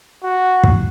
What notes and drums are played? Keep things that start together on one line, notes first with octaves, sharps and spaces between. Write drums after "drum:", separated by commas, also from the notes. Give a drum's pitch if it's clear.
F#4
drum: kick